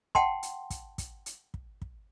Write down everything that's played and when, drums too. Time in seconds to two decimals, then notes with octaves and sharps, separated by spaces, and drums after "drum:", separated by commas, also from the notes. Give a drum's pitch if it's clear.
0.15 F#5 G5 A5 C6, drum: kick
0.43 drum: hi-hat
0.70 drum: kick, hi-hat
0.98 drum: kick, hi-hat
1.26 drum: hi-hat
1.54 drum: kick
1.82 drum: kick